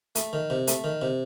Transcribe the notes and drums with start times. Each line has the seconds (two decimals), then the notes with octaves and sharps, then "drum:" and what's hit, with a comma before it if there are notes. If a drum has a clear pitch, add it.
0.15 A3, drum: hi-hat
0.33 D#3
0.50 C3
0.67 A3, drum: hi-hat
0.84 D#3
1.02 C3